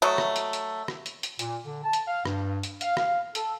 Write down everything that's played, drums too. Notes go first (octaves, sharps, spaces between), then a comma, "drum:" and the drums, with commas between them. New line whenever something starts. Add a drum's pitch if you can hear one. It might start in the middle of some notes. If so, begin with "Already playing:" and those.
F#3 A3 D#5
drum: rim click
drum: hi-hat
drum: hi-hat
drum: rim click
drum: hi-hat
drum: hi-hat
A#2, drum: hi-hat
D3
A5
drum: hi-hat
F5
G2, drum: rim click
drum: hi-hat
F5, drum: hi-hat
F5, drum: rim click
A4, drum: hi-hat